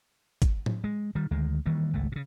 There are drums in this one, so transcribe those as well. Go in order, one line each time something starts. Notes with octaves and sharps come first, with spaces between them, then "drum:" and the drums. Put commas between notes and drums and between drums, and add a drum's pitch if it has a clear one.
drum: kick, hi-hat
drum: tom A2
G#3
D#3 G3
D2 D#3 G#3
D#3 E3 G3 A#3
G#1 C#2 A3
A#2 C#3